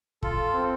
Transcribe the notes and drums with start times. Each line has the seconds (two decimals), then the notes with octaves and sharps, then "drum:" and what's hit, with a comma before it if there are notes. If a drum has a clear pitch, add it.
0.23 F4 A4, drum: kick
0.54 C4